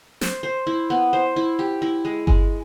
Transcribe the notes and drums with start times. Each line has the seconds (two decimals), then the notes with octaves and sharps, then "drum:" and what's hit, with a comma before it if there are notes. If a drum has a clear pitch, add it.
0.21 C5, drum: snare
0.43 C5
0.67 E4
0.90 B3
1.13 C5
1.36 E4
1.59 G4
1.82 E4
2.05 G#3
2.27 G#3, drum: kick G1